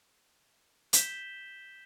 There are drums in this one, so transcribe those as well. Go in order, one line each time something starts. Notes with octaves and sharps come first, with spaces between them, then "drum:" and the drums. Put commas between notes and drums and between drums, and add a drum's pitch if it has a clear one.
G6 B6 E7 G7, drum: hi-hat